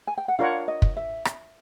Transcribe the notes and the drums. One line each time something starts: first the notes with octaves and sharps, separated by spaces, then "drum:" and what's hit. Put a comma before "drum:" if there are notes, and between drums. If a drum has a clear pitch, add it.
G#5
G5
F#5
D4 F4 A#4 C#5 F5 F#5
D#5
drum: kick
E5
drum: rim click